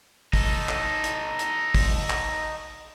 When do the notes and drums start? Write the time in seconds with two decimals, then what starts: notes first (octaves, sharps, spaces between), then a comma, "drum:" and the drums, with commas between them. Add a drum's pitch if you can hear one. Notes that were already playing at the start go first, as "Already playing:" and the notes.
0.33 D#4 A4, drum: kick, open hi-hat
0.69 drum: clap
1.04 drum: hi-hat
1.39 drum: hi-hat
1.75 drum: kick, open hi-hat
2.10 drum: clap